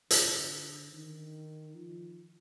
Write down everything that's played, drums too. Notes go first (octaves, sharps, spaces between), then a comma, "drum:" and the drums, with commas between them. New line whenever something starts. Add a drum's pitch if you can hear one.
D3, drum: hi-hat
D#3
F3